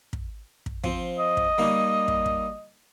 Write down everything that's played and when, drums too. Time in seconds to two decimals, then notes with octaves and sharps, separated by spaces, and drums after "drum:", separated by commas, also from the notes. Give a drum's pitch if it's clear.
0.13 drum: kick
0.66 drum: kick
0.84 F3 C4, drum: kick
1.19 D#5
1.37 drum: kick
1.58 G3 A#3 D#4
2.08 drum: kick
2.26 drum: kick